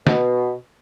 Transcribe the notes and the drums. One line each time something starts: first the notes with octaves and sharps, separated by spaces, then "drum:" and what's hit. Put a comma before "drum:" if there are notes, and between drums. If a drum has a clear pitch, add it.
B2, drum: snare